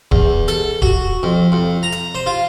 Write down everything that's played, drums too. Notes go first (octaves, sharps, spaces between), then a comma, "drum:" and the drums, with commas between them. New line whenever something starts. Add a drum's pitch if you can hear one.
E2, drum: kick D1
A4, drum: hi-hat
F#4, drum: kick D1
F2
F2
A#5
drum: hi-hat
C5
F4